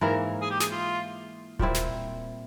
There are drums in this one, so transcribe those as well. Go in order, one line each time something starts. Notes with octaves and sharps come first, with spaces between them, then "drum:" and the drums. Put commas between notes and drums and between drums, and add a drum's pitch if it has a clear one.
G#2 E3 A#3 E4 A#4
G#4
G4
G#4, drum: snare
F4
A#2 G3 C4 E4, drum: kick D1
drum: snare